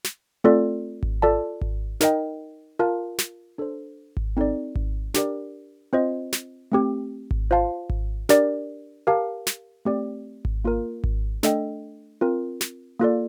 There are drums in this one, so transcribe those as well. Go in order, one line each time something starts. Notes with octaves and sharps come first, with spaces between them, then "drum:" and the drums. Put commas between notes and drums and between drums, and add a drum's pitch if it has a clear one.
drum: snare
A3 C4 F4 A4 D5
drum: kick G#1
F4 A4 D5 A5
drum: kick G#1
D#4 A#4 D#5 G5, drum: snare
F4 A#4 F5 A5
drum: snare
D4 A4 C5
drum: kick G#1
C4 D#4 A4 D5
drum: kick G#1
D4 G4 A#4 D5, drum: snare
C4 F4 C5 D#5
drum: snare
A3 C4 G4
drum: kick G#1
F4 C5 F5 A5
drum: kick G#1
D4 G4 A#4 D5, drum: snare
G4 A#4 F5 A5
drum: snare
A3 C4 G4 D5
drum: kick G#1
A#3 F4 A#4
drum: kick G#1
A3 D4 A4 D#5 G5, drum: snare
C4 F4 A#4
drum: snare
A#3 F4 A4 D5